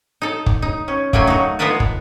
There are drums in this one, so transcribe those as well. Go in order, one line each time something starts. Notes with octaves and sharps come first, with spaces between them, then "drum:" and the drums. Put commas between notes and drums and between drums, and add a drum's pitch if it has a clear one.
D#4 A4
drum: kick
D#4
C#4
C#3 F#3 A3 A#3 G5 G#5, drum: kick
D#4 F#4
G#3 B3 F4 A#4 B4 A5
drum: kick